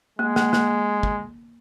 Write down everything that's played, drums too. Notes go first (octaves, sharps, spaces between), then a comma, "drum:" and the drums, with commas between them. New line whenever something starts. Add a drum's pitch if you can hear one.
G#3 A#3
A#3, drum: snare
A#3, drum: snare
drum: kick